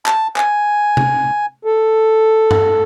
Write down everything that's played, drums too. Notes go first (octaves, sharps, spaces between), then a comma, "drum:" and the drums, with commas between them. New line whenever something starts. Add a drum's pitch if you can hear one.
A5, drum: clap
G#5, drum: clap
drum: tom C3
A4
drum: tom G2